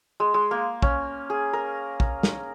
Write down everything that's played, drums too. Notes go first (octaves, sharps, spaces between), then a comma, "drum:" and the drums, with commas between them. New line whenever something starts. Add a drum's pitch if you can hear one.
G#3
G#3
A#3
C#4, drum: kick A#1
G#4
A#4
drum: kick A#1
drum: snare